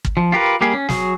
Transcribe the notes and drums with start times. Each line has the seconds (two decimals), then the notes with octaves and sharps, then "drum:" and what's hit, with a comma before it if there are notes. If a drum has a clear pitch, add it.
0.05 drum: kick
0.17 F3
0.32 F4 G4 A#4 B4
0.61 G3 A#3 G4 G#4
0.74 C#4
0.89 F#3 G#4, drum: snare